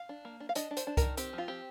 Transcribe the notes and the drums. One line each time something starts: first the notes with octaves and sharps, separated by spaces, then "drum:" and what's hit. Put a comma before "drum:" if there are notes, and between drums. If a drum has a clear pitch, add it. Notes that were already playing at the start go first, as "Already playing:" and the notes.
Already playing: F5
D4
A#3
D4
F5
D4 D#5, drum: hi-hat
D4
C5, drum: hi-hat
D4
D#3 A#4, drum: kick C2, hi-hat
C4 G4, drum: hi-hat
F3 F4
C4 G4